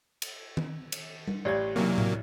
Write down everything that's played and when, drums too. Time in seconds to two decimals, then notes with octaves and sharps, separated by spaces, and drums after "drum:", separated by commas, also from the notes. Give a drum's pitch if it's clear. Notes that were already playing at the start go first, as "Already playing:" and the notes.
0.22 drum: cymbal
0.57 drum: tom D#3
0.92 drum: cymbal
1.28 drum: tom G3
1.45 A1 G4 C#5 D5 G#6
1.76 B1 F#2 C3 E3 F#3 A#3
1.98 drum: tom A2